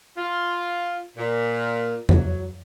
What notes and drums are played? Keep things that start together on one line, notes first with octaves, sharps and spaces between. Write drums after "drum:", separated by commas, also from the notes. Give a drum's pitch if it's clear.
F4
A#2
F#3, drum: tom E2